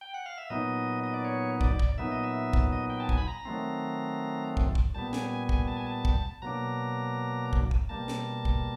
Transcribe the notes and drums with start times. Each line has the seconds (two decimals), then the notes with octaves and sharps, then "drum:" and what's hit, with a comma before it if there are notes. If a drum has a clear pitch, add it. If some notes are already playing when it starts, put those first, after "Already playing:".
0.01 G5
0.14 F#5
0.26 F5
0.38 E5
0.50 A#2 F#3 B3 D#4 D#5
1.04 D#5
1.14 D5
1.25 C#5
1.61 D5, drum: kick
1.79 drum: kick
1.98 A#2 F#3 B3 D#4 E5
2.12 D#5
2.23 E5
2.53 drum: kick
2.73 D#5
2.90 G5
3.00 A5
3.09 G#5, drum: kick
3.18 B5
3.27 A#5
3.45 D#3 F#3 A3 C4
4.57 drum: kick
4.75 drum: kick
4.94 A#2 G3 B3 A5
5.13 G#5, drum: snare
5.31 G#5
5.49 G#5, drum: kick
5.67 A5
5.77 G#5
5.87 A5
6.05 drum: kick
6.42 B2 F#3 A#3 D4 A#5
7.53 drum: kick
7.71 drum: kick
7.89 B2 G3 A#3 A5
8.08 drum: snare
8.45 drum: kick